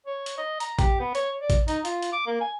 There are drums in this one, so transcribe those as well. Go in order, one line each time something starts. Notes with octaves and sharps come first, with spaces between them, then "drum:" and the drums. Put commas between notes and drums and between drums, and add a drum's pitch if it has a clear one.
C#5
drum: hi-hat
D#5
A#5, drum: hi-hat
G4, drum: kick A1, hi-hat
B3
C#5, drum: hi-hat
D5
drum: kick A1, hi-hat
D#4, drum: hi-hat
F4, drum: hi-hat
drum: hi-hat
D6
A#3
G#5